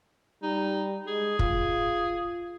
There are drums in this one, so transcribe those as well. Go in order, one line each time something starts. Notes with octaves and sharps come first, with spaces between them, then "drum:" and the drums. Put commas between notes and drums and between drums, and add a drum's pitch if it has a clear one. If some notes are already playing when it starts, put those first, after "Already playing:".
G3 D#4
G#3 G#4
F4, drum: kick